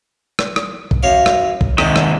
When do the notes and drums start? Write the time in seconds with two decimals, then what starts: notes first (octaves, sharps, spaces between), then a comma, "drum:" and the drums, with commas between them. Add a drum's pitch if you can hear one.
0.39 drum: rim click
0.56 drum: rim click
0.91 drum: kick B1
1.03 F#2 C#5 F5
1.26 drum: rim click
1.61 drum: kick B1
1.78 G#2 C3 D#3, drum: rim click
1.96 drum: rim click